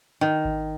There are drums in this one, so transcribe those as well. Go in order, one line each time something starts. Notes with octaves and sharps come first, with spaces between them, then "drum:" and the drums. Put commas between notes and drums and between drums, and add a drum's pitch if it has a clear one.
D#3
drum: kick G#1